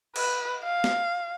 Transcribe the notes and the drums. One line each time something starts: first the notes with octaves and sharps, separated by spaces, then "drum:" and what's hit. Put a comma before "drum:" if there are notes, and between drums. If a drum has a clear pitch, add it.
B4, drum: cymbal
F5
drum: snare